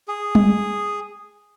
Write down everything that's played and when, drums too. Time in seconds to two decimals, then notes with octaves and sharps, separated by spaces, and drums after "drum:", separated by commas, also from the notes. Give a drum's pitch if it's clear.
0.08 G#4
0.35 drum: tom G3